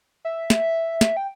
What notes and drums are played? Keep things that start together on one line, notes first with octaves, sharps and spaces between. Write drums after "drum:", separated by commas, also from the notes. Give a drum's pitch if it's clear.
E5
drum: snare
drum: snare
G5